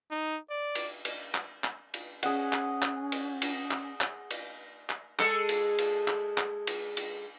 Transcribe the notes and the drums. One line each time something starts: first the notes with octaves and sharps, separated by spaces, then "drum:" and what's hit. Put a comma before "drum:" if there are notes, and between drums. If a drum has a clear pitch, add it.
D#4
D5
drum: cymbal
drum: cymbal
drum: clap
drum: clap
drum: cymbal
C#4 G#4 F#5, drum: cymbal
drum: clap
drum: clap
drum: cymbal
drum: cymbal
drum: clap
drum: clap
drum: cymbal
drum: clap
G#3 A4, drum: clap
drum: cymbal
drum: cymbal
drum: clap
drum: clap
drum: cymbal
drum: cymbal